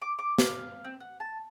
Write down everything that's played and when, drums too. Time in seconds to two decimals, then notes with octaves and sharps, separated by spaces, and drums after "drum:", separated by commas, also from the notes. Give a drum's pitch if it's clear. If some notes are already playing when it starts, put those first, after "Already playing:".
0.02 D6
0.19 D6
0.38 F5, drum: snare
0.84 C4
1.00 F#5
1.20 A5